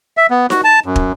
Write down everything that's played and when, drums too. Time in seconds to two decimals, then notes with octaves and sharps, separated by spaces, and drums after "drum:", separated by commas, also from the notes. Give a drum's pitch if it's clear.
0.17 E5
0.30 B3
0.50 F#4, drum: snare D#4
0.64 A5
0.86 F#2
0.96 drum: kick